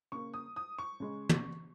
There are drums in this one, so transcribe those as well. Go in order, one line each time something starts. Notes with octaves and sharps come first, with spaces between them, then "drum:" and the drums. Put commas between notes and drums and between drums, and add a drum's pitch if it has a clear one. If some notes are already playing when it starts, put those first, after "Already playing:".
C#3 A#3 C#6
D#6
D#6
C#6
C#3 G#3
drum: tom